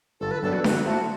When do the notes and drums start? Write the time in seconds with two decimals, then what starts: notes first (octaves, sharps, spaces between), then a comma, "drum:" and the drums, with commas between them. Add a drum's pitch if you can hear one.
0.20 G1 A4
0.31 B4
0.43 G2 F#3 B3 D4 A4
0.53 F#4
0.64 D3 F#4, drum: snare D4
0.85 A3 E4 F#4 A4 C5